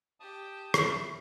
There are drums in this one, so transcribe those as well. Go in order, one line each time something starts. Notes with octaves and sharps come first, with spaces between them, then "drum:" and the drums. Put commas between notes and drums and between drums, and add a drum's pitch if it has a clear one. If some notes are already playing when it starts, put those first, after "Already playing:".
G4 G5 A5 D#6
E4, drum: rim click